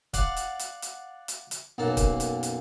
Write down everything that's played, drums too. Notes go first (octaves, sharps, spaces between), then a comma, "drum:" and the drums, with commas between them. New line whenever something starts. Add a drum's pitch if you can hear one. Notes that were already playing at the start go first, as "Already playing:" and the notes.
D5 F5 F#5, drum: kick, hi-hat
drum: hi-hat
drum: hi-hat
drum: hi-hat
drum: hi-hat
drum: hi-hat
B1 F#2 A#3 A5
drum: kick, hi-hat
drum: hi-hat
drum: hi-hat